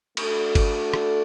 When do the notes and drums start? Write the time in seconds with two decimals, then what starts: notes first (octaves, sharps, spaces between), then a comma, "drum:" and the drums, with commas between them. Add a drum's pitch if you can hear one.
0.17 A3 D4 F#4 A4 D5, drum: cymbal
0.55 drum: kick G1, cymbal
0.94 drum: rim click